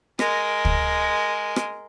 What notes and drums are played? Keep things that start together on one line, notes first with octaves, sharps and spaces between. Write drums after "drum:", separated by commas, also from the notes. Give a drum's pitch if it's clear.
G#3 A#4, drum: rim click
drum: kick
drum: rim click